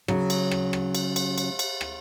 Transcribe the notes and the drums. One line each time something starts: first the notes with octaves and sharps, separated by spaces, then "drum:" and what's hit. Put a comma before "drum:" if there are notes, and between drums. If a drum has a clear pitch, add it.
C#3 F#3, drum: rim click
drum: cymbal
drum: rim click
drum: rim click
drum: cymbal
drum: cymbal
drum: cymbal
drum: cymbal
drum: rim click